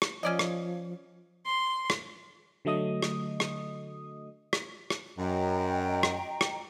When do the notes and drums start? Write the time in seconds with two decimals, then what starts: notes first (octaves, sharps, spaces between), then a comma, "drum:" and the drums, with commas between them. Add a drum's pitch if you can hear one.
0.02 drum: rim click
0.23 F3 C#4 D5 D#5
0.39 drum: rim click
1.46 C6
1.90 drum: rim click
2.65 D3 F#3 A3 D#5 D#6
3.03 drum: rim click
3.40 drum: rim click
4.53 drum: rim click
4.90 drum: rim click
5.18 F#2 D#5 G5 A#5
6.03 drum: rim click
6.41 drum: rim click